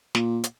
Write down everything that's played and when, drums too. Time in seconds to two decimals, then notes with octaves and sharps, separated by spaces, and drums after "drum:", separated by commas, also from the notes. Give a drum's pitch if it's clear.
0.15 A#2, drum: snare
0.44 drum: hi-hat